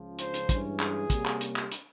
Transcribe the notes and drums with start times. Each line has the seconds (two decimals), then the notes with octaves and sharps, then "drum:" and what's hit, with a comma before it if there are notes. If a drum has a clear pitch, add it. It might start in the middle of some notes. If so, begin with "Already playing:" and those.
Already playing: C#2 C#3 F3
0.19 C5, drum: hi-hat
0.34 drum: hi-hat
0.49 G2 E3 G#3 C#4, drum: kick, hi-hat
0.80 G#4, drum: clap
1.10 C3 G3 A#3 C#4, drum: kick, hi-hat
1.26 drum: clap
1.41 drum: hi-hat
1.56 drum: clap
1.72 drum: hi-hat